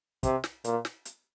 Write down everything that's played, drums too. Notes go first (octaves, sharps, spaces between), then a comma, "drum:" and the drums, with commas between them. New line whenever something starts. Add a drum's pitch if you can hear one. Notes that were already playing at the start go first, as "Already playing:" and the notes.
C3, drum: kick, hi-hat
drum: snare
A#2, drum: hi-hat
drum: snare
drum: hi-hat